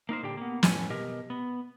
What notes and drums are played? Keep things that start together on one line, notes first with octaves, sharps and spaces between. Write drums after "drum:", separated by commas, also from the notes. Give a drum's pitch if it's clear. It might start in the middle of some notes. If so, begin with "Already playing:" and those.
A#3 D#4 A#4 C5
A#2 D3 G4 G5
A#3 B3
F2 A2 C#4 G#5, drum: snare
B2 G4 A#4 D#5
B3